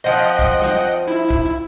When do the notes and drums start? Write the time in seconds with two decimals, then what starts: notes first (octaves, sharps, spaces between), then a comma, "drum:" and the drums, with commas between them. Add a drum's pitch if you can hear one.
0.04 F3 C4 D#5 F#5 G5
0.39 drum: kick, hi-hat
0.62 drum: snare
0.85 drum: hi-hat
1.08 E4
1.30 drum: kick, hi-hat